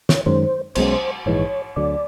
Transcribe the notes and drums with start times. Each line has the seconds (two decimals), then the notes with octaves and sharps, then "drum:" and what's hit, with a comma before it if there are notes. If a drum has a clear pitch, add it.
0.09 C#5, drum: snare
0.26 F#2 D#3 G#3 C#4 C5
0.75 B1 B2 G#3 C#4 C5, drum: cymbal
1.26 A#1 G#2 E3 G#3 C#5
1.76 D2 D3 F#3 D5